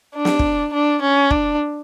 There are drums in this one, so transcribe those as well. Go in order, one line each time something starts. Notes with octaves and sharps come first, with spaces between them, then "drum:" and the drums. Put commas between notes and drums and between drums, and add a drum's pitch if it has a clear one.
D4
drum: snare
drum: kick
D4
C#4
D4, drum: kick